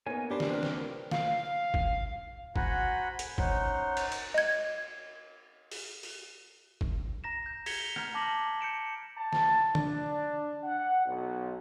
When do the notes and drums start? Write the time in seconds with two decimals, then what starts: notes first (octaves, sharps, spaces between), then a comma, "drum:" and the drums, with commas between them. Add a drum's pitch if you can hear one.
0.06 A#3 B3 D#4 C#5 G#5
0.31 D4 G4 B4 C5
0.40 drum: snare
0.50 C4 A#4 F#6
0.63 drum: snare
1.11 F5, drum: snare
1.74 drum: kick
2.56 F#4 C5 F#5 G#5 A#5 B5, drum: kick
3.19 drum: hi-hat
3.38 C#4 D#4 C5 F#5, drum: kick
3.97 drum: cymbal
4.12 drum: cymbal
4.34 D#5 G#6
5.71 drum: open hi-hat
6.03 drum: open hi-hat
6.81 drum: kick
7.24 A#5 A#6 E7
7.46 G6
7.66 G#6 B6 C#7 F7 G7, drum: open hi-hat
7.96 A#5 F6 G6 G#6, drum: rim click
8.14 A5 D6 A#6 B6 F#7
8.61 G6 C#7 D7 E7
9.17 A5
9.33 drum: snare
9.75 D4, drum: tom
10.64 F#5
11.05 B1